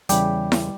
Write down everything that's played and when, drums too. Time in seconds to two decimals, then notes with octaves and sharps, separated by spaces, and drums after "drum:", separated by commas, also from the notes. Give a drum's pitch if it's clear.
0.09 E2 C#3 E3 G3 G4, drum: hi-hat
0.52 drum: snare E4